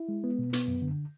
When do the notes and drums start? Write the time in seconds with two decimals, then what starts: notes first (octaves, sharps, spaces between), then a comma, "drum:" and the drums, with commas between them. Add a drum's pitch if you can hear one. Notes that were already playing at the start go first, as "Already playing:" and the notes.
Already playing: E4
0.09 G#3
0.24 B3
0.39 B2
0.53 B3, drum: hi-hat
0.68 F#2
0.82 D3